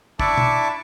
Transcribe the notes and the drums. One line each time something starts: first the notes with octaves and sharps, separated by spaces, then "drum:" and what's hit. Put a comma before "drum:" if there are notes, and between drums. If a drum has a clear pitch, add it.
D4 E4 E5 A5 C#6 D6, drum: kick
drum: tom